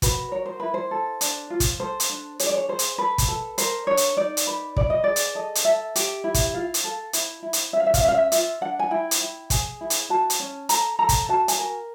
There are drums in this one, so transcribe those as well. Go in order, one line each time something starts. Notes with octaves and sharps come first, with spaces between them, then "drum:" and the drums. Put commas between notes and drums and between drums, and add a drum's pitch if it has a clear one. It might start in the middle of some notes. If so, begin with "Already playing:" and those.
F#4 B4, drum: kick, hi-hat
A#4 C#5
C5
E4 B4
C5
A4
D4, drum: hi-hat
F4
drum: kick, hi-hat
A4 C5
drum: hi-hat
D4
G#4 C#5, drum: hi-hat
D5
C#5
G#4 C5
drum: hi-hat
A4 B4
drum: kick, hi-hat
A4
A#4 C5, drum: hi-hat
D4 C#5
drum: hi-hat
D#4 D5
drum: hi-hat
B4
B4 D5, drum: kick
D#5
G#4 D5
drum: hi-hat
A4 D#5
drum: hi-hat
A4 E5
G4, drum: hi-hat
E4
drum: kick, hi-hat
F4 F5
drum: hi-hat
A4
E4, drum: hi-hat
E4
drum: hi-hat
C#4 E5
F5
E5
F5, drum: kick, hi-hat
C#4 E5
F5
E5
F4 E5, drum: hi-hat
D4 F#5
G#5
E4 G5
drum: hi-hat
E4
G#4 G#5, drum: kick, hi-hat
E4
drum: hi-hat
F#4 A5
drum: hi-hat
C#4
A4 A#5, drum: hi-hat
A4 A#5
drum: kick, hi-hat
F#4 A5
G#5, drum: hi-hat
A#4